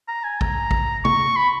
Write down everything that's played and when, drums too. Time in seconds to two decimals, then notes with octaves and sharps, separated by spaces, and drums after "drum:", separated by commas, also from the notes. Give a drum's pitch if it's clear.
0.08 A#5
0.24 G#5
0.41 A#5, drum: kick
0.71 drum: kick
1.05 C#6, drum: tom
1.36 B5